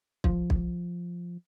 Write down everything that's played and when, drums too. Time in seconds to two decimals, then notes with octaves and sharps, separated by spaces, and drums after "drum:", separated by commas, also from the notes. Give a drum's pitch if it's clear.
0.24 F3, drum: kick B1
0.50 drum: kick B1